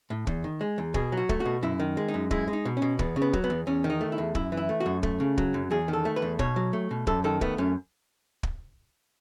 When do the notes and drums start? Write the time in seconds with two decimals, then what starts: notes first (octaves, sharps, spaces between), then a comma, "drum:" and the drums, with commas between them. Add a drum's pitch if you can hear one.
0.10 A2
0.27 E2, drum: kick
0.44 D#3
0.61 G#3
0.78 E2
0.94 B2 G#4, drum: kick
1.12 F#3
1.17 F#4
1.29 A3, drum: kick
1.40 F#4
1.46 B2
1.63 F#2 E4
1.80 D#3
1.97 G#3
2.08 D#4
2.14 F#2
2.31 G#3 E4, drum: kick
2.48 G#3
2.53 D#4
2.65 B2
2.77 C#4
2.82 B2
2.99 E2 B3, drum: kick
3.16 C#3
3.22 B3
3.33 F#3, drum: kick
3.44 B3
3.50 E2
3.67 E2 C#4
3.84 D#3
3.90 D#4
4.01 A3
4.12 E4
4.18 E2
4.35 F#2 E4, drum: kick
4.52 E3
4.57 E4
4.69 A3
4.80 F#4
4.86 F#2
5.03 A3, drum: kick
5.20 C#3
5.38 F#3, drum: kick
5.54 F#2
5.71 E2 G#4
5.88 D#3
5.93 A4
6.05 A3
6.16 B4
6.22 E2
6.39 B2 C#5, drum: kick
6.56 F#3
6.73 A3
6.91 B2
7.07 F#2 A4, drum: kick
7.24 D#3 A4
7.41 A3 B3, drum: kick
7.58 F#2 C#4
8.43 drum: kick